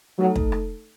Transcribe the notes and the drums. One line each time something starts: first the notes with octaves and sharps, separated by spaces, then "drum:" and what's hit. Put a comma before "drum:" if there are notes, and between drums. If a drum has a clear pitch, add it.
F#3 A3 D#4 A4
drum: kick
drum: rim click